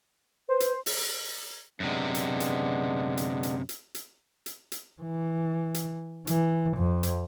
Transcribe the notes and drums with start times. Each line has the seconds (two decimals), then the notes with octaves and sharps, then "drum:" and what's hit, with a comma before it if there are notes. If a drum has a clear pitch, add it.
0.49 B4 C5
0.60 drum: hi-hat
0.86 drum: open hi-hat
1.80 F#2 C3 G#3 B3 D4
2.15 drum: hi-hat
2.40 drum: hi-hat
3.17 drum: hi-hat
3.43 drum: hi-hat
3.69 drum: hi-hat
3.94 drum: hi-hat
4.46 drum: hi-hat
4.72 drum: hi-hat
5.02 E3
5.74 drum: hi-hat
6.27 E3, drum: hi-hat
6.77 F2
7.03 drum: hi-hat